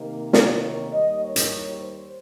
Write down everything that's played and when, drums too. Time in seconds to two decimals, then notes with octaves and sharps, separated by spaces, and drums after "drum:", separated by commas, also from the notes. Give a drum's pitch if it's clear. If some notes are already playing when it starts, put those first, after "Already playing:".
Already playing: C3 D#3 A#3 D#4
0.33 C#5, drum: snare
0.92 D#2 D#3 G3 A#3 D#5
1.21 C#5
1.36 drum: hi-hat
1.80 C5